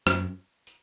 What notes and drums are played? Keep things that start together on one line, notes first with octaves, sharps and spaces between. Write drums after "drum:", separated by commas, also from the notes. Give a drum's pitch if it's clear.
F#2, drum: rim click
drum: tambourine